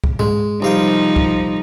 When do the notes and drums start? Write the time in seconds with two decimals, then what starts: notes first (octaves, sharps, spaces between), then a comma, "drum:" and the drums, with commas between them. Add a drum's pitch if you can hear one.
0.04 drum: kick C2
0.19 G#3, drum: tom G#2
0.62 C2 F3 D#4 F5 G5
1.16 drum: kick C2